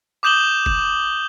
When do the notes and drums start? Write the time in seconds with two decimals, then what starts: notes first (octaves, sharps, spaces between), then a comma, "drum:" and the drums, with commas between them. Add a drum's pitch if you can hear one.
0.23 D6 D#6 G6 E7 F#7 G7
0.66 drum: kick F#1